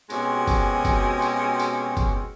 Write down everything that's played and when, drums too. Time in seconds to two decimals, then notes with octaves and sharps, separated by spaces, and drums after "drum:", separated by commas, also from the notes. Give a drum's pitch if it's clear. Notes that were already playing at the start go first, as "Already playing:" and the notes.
0.10 B2 G#3 C4 C#4 F#4 G4, drum: tambourine
0.47 drum: kick F#1, tambourine
0.85 drum: kick F#1, tambourine
1.22 drum: tambourine
1.59 drum: tambourine
1.97 drum: kick F#1, tambourine